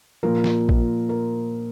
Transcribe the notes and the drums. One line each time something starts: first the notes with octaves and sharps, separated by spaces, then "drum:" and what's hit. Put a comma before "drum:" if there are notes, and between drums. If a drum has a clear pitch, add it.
A#2 F3 A#4
drum: snare
drum: kick A1
A#4